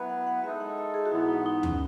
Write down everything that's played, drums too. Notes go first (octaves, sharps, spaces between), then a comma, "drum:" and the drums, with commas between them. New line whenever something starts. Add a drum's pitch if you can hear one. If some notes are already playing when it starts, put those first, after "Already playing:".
Already playing: F#3 B3 E4 B4
F#5
F#5
G#3 D#4 A4 E5
F#5
E5
G#4
F#4
G#2 E3 B3 E4
D#4
D#4
C#4, drum: tom